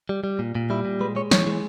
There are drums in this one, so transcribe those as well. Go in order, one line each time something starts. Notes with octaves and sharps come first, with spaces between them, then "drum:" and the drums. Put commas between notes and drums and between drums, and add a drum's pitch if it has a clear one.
G3
G3
A#2
A#2
G3 E4
A#2
G#3 B4
G#3 C#5
E3 C#5, drum: snare
G#3